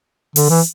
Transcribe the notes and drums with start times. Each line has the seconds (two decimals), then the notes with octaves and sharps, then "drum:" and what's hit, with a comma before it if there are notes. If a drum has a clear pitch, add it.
0.36 D3, drum: open hi-hat
0.50 E3